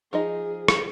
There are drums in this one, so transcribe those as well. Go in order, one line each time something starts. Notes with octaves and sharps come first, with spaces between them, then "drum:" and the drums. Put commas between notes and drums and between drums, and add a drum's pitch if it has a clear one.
F3 D#4 G#4 D#5
drum: rim click